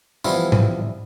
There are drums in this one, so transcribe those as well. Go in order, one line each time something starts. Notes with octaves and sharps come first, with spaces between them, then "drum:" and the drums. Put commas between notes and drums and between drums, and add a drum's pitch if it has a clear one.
E3 F3 G3 B3 E4 F4, drum: tambourine
drum: tom G#2